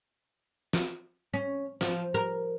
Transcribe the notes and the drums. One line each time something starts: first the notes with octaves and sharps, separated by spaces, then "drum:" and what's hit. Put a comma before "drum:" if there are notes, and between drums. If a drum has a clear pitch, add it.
drum: snare
C#4
F3, drum: snare
A#4